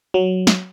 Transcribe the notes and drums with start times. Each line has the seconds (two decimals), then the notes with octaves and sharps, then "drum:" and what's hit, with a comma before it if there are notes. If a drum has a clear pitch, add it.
0.14 F#3
0.47 drum: snare